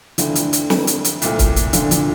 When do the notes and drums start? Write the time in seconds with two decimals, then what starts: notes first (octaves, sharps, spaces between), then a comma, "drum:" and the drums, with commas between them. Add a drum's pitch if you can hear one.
0.18 F2 D3 E3 F3 A3, drum: hi-hat
0.35 drum: hi-hat
0.53 drum: hi-hat
0.70 drum: snare
0.87 drum: hi-hat
1.04 drum: hi-hat
1.22 C2 A#2 A3 C4 F4, drum: hi-hat
1.39 drum: kick, hi-hat
1.56 drum: hi-hat
1.73 D3 F3, drum: hi-hat
1.91 D3 F3, drum: hi-hat